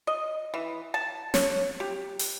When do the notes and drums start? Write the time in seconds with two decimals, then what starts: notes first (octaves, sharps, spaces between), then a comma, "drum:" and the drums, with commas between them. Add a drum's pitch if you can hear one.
0.07 D#5
0.54 E3
0.94 A5
1.34 C#5, drum: snare
1.80 G4
2.19 drum: open hi-hat